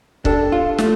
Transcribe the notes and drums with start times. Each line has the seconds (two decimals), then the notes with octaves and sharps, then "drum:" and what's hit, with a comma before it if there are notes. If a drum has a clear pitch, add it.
0.25 D4 G4 A4, drum: kick
0.52 F4
0.78 A3, drum: snare